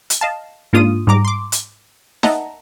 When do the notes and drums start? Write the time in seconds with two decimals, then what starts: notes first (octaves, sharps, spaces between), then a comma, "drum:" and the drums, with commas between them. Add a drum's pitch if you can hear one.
0.10 drum: hi-hat
0.21 D#5 F5 A5
0.73 G#2 A#3 D4 F4 D#6 D#7
1.07 G#2 G3 A#5 D6
1.25 C6 D6
1.52 drum: hi-hat
2.23 D#5 E5 F#5 A5 A#5, drum: snare D#4